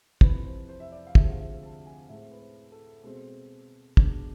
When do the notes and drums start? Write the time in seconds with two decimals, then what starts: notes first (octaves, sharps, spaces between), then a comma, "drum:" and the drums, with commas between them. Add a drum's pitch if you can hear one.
0.21 F2 C3 E3 B4, drum: kick
0.45 C5
0.69 C5
0.80 E5
0.92 D5
1.07 F5
1.15 D2 C3 F3 G#3 C4 E5, drum: kick
1.30 F5
1.39 E5
1.63 A5
1.86 G#5
2.09 A2 G#3 C4 E5
2.31 B4
2.40 C5
2.72 A4
3.04 B2 G#3 C4
3.97 B2 G#3 D4, drum: kick